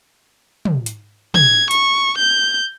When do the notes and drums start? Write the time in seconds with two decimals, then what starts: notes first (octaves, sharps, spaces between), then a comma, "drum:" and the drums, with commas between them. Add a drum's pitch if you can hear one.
0.65 drum: tom
0.86 drum: hi-hat
1.34 G#6, drum: tom
1.71 C#6, drum: hi-hat
2.18 G6